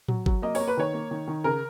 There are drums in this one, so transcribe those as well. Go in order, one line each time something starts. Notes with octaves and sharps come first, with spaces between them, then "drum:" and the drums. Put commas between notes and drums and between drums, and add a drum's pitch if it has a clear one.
F#3, drum: tom A2
F#3, drum: kick G1
A#3 D#5
A#3 C#5, drum: open hi-hat
B4
D#3 C#5
A#3
D#3
D#3
C#3 A#4